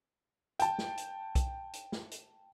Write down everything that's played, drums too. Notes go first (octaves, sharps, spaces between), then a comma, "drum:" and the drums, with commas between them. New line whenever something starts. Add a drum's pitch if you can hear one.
G5 A5, drum: hi-hat
drum: snare
drum: hi-hat
drum: kick B1, hi-hat
drum: hi-hat
drum: snare
drum: hi-hat